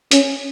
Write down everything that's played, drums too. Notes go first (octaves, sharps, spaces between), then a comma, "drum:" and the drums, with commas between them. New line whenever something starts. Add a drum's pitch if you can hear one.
C#4, drum: hi-hat